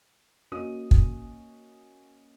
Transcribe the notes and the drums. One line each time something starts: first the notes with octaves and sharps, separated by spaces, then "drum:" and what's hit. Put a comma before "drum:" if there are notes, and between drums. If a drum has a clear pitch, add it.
A#3 C#4 F#4 D#5 D#6 D#7
drum: kick